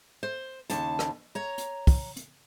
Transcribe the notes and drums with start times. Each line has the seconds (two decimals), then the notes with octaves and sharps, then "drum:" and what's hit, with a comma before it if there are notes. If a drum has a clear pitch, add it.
0.23 C5
0.70 D#2 C#3 A5, drum: hi-hat
0.99 drum: rim click
1.35 C#5 A#5
1.58 drum: hi-hat
1.87 drum: kick, open hi-hat
2.17 drum: hi-hat